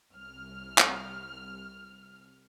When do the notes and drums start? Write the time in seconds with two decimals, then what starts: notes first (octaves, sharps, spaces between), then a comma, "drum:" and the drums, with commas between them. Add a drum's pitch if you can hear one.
0.12 C2 F6
0.78 drum: clap